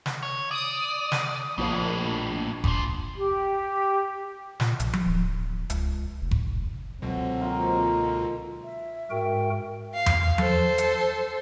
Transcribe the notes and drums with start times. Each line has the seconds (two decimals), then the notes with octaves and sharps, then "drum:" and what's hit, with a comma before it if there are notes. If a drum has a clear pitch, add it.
0.06 drum: snare
0.23 C#5
0.51 D5 D#6
1.12 drum: snare
1.58 A#1 F2 A2
2.64 E2 F3, drum: kick F1
3.16 G4
4.60 A#2, drum: snare
4.80 A#1, drum: hi-hat
4.93 drum: tom F3
5.06 D1
5.70 C#2, drum: hi-hat
6.21 F1
6.31 drum: kick F1
7.02 C#2 B2 D3 F#3 C4 F#5
7.40 A#3 D#4 F4
8.64 E5
9.10 G#2 F#4 A#4 G5
9.94 F5
10.06 drum: tom E2
10.38 A4 C5, drum: tom F3
10.78 drum: hi-hat